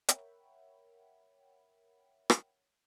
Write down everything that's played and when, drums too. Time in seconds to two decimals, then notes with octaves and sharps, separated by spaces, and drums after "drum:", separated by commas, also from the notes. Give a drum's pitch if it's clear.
0.08 A#4 C#5 E5 F#5 G5 B5, drum: hi-hat
2.30 drum: rim click